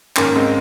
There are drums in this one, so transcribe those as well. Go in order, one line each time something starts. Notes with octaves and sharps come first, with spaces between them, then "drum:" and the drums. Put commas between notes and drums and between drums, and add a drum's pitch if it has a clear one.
G#2 D#3 A#3 C#4, drum: clap
G#3 C4